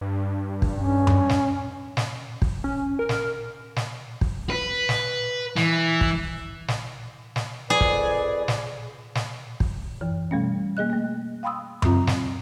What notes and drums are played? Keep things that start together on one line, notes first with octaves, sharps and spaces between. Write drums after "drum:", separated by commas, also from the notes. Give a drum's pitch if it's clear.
G2
drum: kick
C#4
drum: tom F#2
drum: snare
drum: snare
drum: kick
C#4
A#4
drum: snare
drum: snare
drum: kick
B4
drum: snare
E3, drum: snare
drum: kick
drum: snare
drum: snare
F2 G#4 B4 D5
drum: kick
drum: snare
drum: snare
drum: kick
F#2 E3
B2 G3 A3 C#4
A#3 G#4 D#5 F#6
A3 A#3
F5 G5 B5 C6 D#6 E6
C#3 F#3 C4 F4 A#5, drum: tom F#2
drum: snare